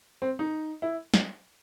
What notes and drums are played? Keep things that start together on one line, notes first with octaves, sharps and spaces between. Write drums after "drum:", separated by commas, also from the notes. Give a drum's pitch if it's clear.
C4
D#4
E4
drum: snare